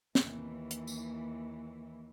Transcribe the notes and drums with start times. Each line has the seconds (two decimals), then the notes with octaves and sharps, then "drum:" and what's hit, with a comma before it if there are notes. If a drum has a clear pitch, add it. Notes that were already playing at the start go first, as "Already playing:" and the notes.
0.15 D#2 E3, drum: snare
0.71 drum: hi-hat
0.87 drum: tambourine